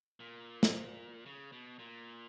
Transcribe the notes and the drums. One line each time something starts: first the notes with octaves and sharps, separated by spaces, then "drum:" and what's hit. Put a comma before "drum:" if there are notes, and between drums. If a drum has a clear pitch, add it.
A#2
drum: snare
C#3
B2
A#2